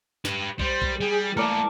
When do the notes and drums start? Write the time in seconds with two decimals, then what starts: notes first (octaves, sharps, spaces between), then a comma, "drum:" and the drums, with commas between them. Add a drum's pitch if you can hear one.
0.25 G4 B4, drum: snare
0.60 G3 C5, drum: kick
0.82 drum: kick
1.01 G3 G#4
1.37 E3 A3 A#3 A#4 D5 A5